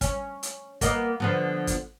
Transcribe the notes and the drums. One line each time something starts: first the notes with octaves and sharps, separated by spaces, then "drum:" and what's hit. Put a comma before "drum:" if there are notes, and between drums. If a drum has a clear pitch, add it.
C#4, drum: kick, hi-hat
drum: hi-hat
A#3 B3 D#5, drum: kick, hi-hat
D3 F3 B3
drum: kick, hi-hat